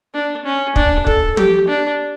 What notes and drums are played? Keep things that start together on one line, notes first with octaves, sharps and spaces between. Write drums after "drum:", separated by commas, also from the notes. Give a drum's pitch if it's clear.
D4
C#4
D4, drum: kick
A4, drum: kick
G4, drum: tom
D4